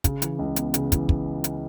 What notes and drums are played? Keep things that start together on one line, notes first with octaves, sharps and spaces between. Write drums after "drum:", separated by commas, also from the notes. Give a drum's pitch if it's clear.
C#3, drum: kick, hi-hat
E3, drum: hi-hat
C#2
B3, drum: hi-hat
C#3, drum: hi-hat
E3, drum: kick, hi-hat
drum: kick
drum: hi-hat